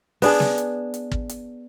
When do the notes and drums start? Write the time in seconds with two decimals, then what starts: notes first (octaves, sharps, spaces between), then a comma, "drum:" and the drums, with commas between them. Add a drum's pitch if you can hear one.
0.22 B3 D4 G#4, drum: open hi-hat
0.40 drum: snare
0.58 drum: hi-hat
0.94 drum: hi-hat
1.12 drum: kick
1.29 drum: hi-hat